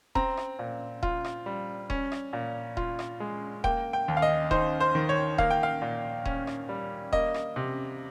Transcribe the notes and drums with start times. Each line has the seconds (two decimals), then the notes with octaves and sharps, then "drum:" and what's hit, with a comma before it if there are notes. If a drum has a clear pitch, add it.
0.15 C4 A#5, drum: kick D#1
0.37 drum: rim click
0.59 A#2
1.03 F4, drum: kick D#1
1.24 drum: rim click
1.46 G3
1.90 C#4, drum: kick D#1
2.12 drum: rim click
2.33 A#2
2.77 F4, drum: kick D#1
2.99 drum: rim click
3.20 G#3
3.64 A#3 G5, drum: kick D#1
3.93 G5
4.08 D#2
4.17 F5
4.22 D#5
4.51 D#4 C5, drum: kick D#1
4.80 C5
4.95 D#3
5.09 C#5
5.38 A#3 F5, drum: kick D#1
5.50 G5
5.63 F5
5.82 A#2
6.25 C#4, drum: kick D#1
6.47 drum: rim click
6.69 G3
7.12 A#3 D#5, drum: kick D#1
7.34 drum: rim click
7.56 C3